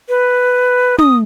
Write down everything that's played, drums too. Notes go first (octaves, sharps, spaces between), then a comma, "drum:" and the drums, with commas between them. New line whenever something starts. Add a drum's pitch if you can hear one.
B4
D#6, drum: tom